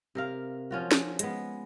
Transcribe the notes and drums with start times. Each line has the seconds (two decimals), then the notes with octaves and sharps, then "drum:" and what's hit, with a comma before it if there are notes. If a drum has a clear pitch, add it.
0.15 C3 A#4 F5
0.71 F3 C#4 F4 F#4
0.91 drum: snare
1.19 G#3 B3, drum: hi-hat